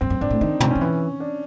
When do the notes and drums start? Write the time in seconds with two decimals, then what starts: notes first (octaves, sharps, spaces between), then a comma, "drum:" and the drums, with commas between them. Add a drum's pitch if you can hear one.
0.01 G2 C4
0.10 F#2
0.21 G2 D4
0.30 A2
0.41 D#3 D#4
0.60 C4, drum: tom
0.71 D#3 C#4
0.81 E3
1.20 D4